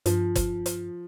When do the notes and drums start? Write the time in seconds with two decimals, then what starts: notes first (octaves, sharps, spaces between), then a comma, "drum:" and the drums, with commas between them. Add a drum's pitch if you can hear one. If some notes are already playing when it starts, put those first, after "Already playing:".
0.06 G2 F3, drum: hi-hat
0.35 drum: kick, hi-hat
0.66 drum: hi-hat